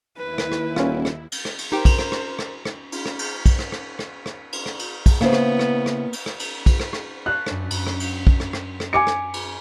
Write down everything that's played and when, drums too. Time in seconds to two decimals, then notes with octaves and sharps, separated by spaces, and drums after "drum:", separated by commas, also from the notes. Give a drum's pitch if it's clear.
0.17 D#2 E4 B4
0.38 drum: rim click
0.52 drum: rim click
0.76 D#1 C#4 F4, drum: rim click
1.05 drum: rim click
1.32 drum: cymbal
1.45 drum: rim click
1.59 drum: cymbal
1.72 D#4 G4 A#4 C5 G5
1.85 drum: kick, cymbal
1.99 drum: rim click
2.12 drum: rim click
2.39 drum: rim click
2.65 drum: rim click
2.92 drum: cymbal
3.06 drum: rim click
3.19 drum: cymbal
3.46 drum: kick, cymbal
3.59 drum: rim click
3.72 drum: rim click
3.99 drum: rim click
4.26 drum: rim click
4.52 drum: cymbal
4.66 drum: rim click
4.79 drum: cymbal
5.06 drum: kick, cymbal
5.21 C#3 A#3 B3 E4 C5, drum: rim click
5.33 drum: rim click
5.59 drum: rim click
5.86 drum: rim click
6.13 drum: cymbal
6.26 drum: rim click
6.40 drum: cymbal
6.66 drum: kick, cymbal
6.80 drum: rim click
6.93 drum: rim click
7.26 F5 A5 C#6 F#6
7.46 F#2 D4, drum: rim click
7.70 F#2, drum: cymbal
7.87 drum: rim click
8.00 drum: cymbal
8.27 drum: kick
8.40 drum: rim click
8.53 drum: rim click
8.80 drum: rim click
8.93 G#5 D6 C#7
9.07 drum: rim click
9.34 drum: cymbal